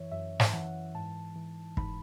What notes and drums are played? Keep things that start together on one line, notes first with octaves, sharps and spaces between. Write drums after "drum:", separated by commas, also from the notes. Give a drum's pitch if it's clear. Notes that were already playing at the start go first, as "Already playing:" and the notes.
Already playing: F#2 E3 C#5 E5
F#2 E5
drum: snare
E3 F#5
G#2 A5
E3
G#2 B5, drum: kick